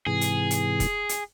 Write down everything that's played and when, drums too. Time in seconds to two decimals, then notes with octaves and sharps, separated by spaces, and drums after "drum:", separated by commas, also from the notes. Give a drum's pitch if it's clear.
0.07 G#2 C3 E3 G#4
0.21 drum: hi-hat
0.51 drum: hi-hat
0.80 drum: kick, hi-hat
1.09 drum: hi-hat